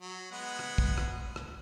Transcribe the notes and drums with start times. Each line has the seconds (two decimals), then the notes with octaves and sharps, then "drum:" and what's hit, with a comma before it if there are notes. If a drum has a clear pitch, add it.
0.01 F#3
0.32 G#3 B3 F#5
0.59 drum: rim click
0.78 drum: kick
0.98 drum: rim click
1.36 drum: rim click